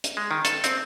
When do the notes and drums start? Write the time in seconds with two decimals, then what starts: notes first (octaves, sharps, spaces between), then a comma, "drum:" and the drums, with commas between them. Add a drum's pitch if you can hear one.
0.04 drum: hi-hat
0.17 G#3
0.31 D#3
0.45 A4, drum: hi-hat
0.64 C4, drum: hi-hat